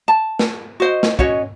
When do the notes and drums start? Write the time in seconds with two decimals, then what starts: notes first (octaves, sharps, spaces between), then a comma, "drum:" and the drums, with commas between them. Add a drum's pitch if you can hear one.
0.08 A5
0.39 drum: snare
0.80 F#4 C5 D#5
1.03 drum: snare
1.19 C#4 F#4 C#5 D#5, drum: kick